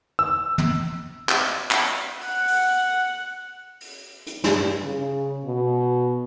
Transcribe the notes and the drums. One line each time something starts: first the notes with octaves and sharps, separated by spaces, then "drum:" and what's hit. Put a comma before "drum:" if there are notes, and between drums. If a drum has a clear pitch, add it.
E6
drum: tom
drum: clap
drum: clap
F#5, drum: open hi-hat
drum: open hi-hat
drum: open hi-hat
drum: hi-hat
G2, drum: snare
C#3
B2